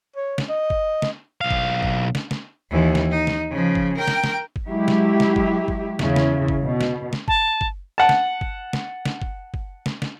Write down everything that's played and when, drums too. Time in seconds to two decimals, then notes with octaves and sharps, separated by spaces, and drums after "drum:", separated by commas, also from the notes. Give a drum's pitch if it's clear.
0.16 C#5
0.38 drum: snare
0.49 D#5
0.70 drum: kick
1.02 drum: snare
1.41 B1 F5
1.51 drum: kick
1.83 drum: kick
2.15 drum: snare
2.31 drum: snare
2.71 D#2 E3
2.95 drum: snare
3.11 D#4
3.27 drum: snare
3.51 C#3 F3
3.75 drum: kick
3.97 A#4 G5
4.08 drum: snare
4.24 drum: snare
4.56 drum: kick
4.67 F#3 G#3 E4 G4
4.88 drum: snare
5.20 drum: snare
5.36 drum: kick
5.68 drum: kick
5.99 E2 C#3 E4, drum: snare
6.16 drum: snare
6.48 drum: kick
6.63 B2
6.81 drum: snare
7.13 drum: snare
7.28 A5, drum: kick
7.61 drum: kick
7.98 F#5 A5
8.09 drum: snare
8.41 drum: kick
8.73 drum: snare
9.05 drum: snare
9.22 drum: kick
9.54 drum: kick
9.86 drum: snare
10.02 drum: snare